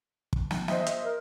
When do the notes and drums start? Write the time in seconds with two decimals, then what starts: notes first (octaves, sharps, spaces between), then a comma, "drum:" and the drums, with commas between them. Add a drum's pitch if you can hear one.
0.33 drum: kick
0.51 drum: snare
0.68 C5 D#5 E5, drum: snare
0.86 drum: hi-hat
1.04 A#4